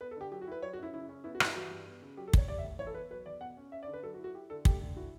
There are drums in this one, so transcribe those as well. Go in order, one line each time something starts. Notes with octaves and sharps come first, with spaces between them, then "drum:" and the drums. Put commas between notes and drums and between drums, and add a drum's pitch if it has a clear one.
B3 B4
A4
D3 G4
F#3 G4
F#4
E4 B4
F#3 C#5
F#4
F#2 E4
C#3 E4
C#4
B3 E4
F#4
G2 E4, drum: rim click
E3 F#4
G2
B3
C#3
F#3 G4
A4
D4 C#5, drum: kick
G3 D5
E5
A2
E3 C#5
A4
B3 B4
F#3 B4
E2 D5
B2 F#5
C#4
C#4 E5
D5
D3
B4
F#3 A4
F#4
E4
F#4
E4 G4
D3 A4
A3 G4, drum: kick
D3
E4 F#4